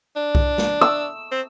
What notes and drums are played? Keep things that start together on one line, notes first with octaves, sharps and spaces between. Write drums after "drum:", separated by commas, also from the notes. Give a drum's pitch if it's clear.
D4
drum: kick B1
drum: snare
E6
C4